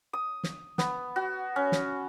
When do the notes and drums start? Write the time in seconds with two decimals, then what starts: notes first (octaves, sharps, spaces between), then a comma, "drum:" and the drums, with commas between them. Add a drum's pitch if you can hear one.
0.13 D#6
0.43 drum: snare
0.78 B3, drum: snare
1.16 F#4
1.56 C#4
1.72 drum: snare